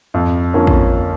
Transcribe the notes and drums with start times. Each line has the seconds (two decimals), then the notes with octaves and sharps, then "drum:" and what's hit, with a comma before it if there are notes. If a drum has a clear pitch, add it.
0.14 F2
0.53 D3 F3 A#3 C#4
0.67 drum: kick A1